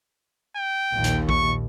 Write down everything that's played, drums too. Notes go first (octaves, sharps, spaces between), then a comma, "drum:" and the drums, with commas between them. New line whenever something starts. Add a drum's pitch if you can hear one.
G5
A#1 D#2
drum: hi-hat
C#6, drum: kick